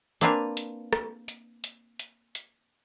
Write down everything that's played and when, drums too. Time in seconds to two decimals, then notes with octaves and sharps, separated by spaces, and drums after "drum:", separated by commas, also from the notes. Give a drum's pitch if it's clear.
0.21 A#3 C4 D4 B4 F5 G#5, drum: hi-hat
0.57 drum: hi-hat
0.93 drum: rim click
1.28 drum: hi-hat
1.64 drum: hi-hat
1.99 drum: hi-hat
2.35 drum: hi-hat